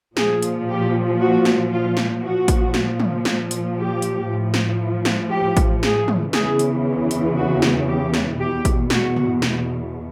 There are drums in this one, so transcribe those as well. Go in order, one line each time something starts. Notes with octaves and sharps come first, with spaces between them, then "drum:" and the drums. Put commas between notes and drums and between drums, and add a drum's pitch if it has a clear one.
A#2 F3 G#4, drum: snare
drum: hi-hat
G4
F#4
drum: snare
F4
drum: snare
A#2 F3 F#4
drum: kick A1, hi-hat
drum: snare
drum: tom
drum: snare
drum: hi-hat
G4
drum: hi-hat
A2 F3
drum: snare
drum: snare
G4
drum: kick A1, hi-hat
G#4, drum: snare
drum: tom
E2 C#3 E3 G#4, drum: snare
drum: hi-hat
drum: hi-hat
F#4
drum: snare
G4
drum: snare
E2 B2 G4
drum: kick A1, hi-hat
F#4, drum: snare
drum: tom
drum: snare